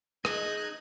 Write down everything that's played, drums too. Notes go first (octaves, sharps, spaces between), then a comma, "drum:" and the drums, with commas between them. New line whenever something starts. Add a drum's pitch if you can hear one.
D#4 G#4 D#5 F#6 G#6, drum: rim click